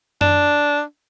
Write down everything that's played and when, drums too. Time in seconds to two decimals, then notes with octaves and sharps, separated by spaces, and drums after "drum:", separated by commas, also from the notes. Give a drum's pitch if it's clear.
0.21 D4, drum: tom F#2